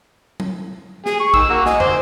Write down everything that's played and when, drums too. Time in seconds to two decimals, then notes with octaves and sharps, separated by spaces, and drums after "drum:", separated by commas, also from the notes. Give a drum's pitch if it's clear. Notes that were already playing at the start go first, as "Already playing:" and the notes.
0.40 drum: tom
1.06 G#4, drum: snare
1.20 C#6
1.34 D#3 E6, drum: kick A#1
1.50 A#3 F#4
1.66 D#5 G#5, drum: snare
1.80 C5 D6, drum: tom